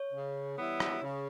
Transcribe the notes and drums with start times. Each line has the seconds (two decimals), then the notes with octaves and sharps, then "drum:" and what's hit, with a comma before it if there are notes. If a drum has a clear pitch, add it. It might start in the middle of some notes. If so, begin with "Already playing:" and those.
Already playing: C#5
0.13 C#3
0.58 E3 G3 B3 E4
0.80 drum: rim click
1.03 C#3